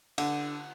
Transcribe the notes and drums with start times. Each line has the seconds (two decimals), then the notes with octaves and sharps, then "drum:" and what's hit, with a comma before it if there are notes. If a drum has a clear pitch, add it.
0.18 D3, drum: cymbal